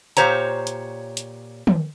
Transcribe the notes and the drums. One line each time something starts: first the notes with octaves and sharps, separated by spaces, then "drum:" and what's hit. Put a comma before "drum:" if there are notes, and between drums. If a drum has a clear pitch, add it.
A#2 G4 C5 C#5 A#5, drum: hi-hat
drum: hi-hat
drum: hi-hat
drum: tom